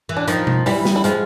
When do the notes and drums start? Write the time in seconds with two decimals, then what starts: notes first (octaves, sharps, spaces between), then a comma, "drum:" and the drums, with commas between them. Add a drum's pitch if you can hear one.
0.09 E3
0.17 D4
0.28 D#3 F3 D#4, drum: hi-hat
0.47 drum: tom B2
0.66 E3 G3 E4, drum: open hi-hat
0.85 drum: snare
0.96 E4
1.04 F3 G#3 F4, drum: hi-hat